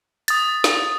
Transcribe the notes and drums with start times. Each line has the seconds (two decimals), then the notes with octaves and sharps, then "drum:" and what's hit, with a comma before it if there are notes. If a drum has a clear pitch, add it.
0.28 D#6 A6, drum: hi-hat
0.64 drum: snare